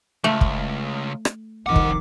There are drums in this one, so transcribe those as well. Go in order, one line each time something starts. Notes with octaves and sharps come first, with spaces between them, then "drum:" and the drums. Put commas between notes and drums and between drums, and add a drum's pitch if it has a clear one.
C#2 A3
drum: kick
drum: rim click
C2 F2 D#3 A#4 F#5 D6
drum: kick